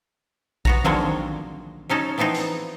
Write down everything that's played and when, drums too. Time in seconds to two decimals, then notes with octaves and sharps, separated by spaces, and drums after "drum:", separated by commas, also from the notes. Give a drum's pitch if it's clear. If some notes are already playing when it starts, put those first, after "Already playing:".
0.65 B3 F#4 A#5, drum: kick A#1
0.85 D3 D#3 F3 F#3 G#3 A#3, drum: tom D#3
1.89 F#3 C#4 D#4 A4
2.18 E3 F3 B3 C4 D#4
2.34 drum: hi-hat